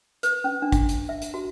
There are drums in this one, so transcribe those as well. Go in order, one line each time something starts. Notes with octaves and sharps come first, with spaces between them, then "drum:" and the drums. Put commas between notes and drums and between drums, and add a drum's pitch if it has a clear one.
B4, drum: hi-hat
C#4
D4
drum: kick A1, hi-hat
drum: hi-hat
E5
drum: hi-hat
F#4